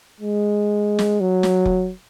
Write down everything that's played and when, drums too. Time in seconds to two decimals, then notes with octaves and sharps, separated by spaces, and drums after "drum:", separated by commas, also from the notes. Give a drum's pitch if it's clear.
0.21 G#3
0.99 drum: snare
1.21 F#3
1.43 drum: snare
1.65 drum: kick F1